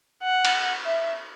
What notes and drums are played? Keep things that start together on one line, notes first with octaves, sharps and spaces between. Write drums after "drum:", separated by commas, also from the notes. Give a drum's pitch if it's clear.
F#5
drum: cymbal
E5